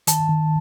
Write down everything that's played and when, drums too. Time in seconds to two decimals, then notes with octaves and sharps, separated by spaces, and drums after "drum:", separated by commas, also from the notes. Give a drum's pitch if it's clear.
0.07 D#3 A5, drum: hi-hat
0.29 D#3